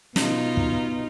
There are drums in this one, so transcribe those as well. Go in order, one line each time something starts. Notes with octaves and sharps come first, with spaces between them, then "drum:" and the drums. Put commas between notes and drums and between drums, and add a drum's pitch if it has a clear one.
B2 D#4 F4, drum: snare
drum: kick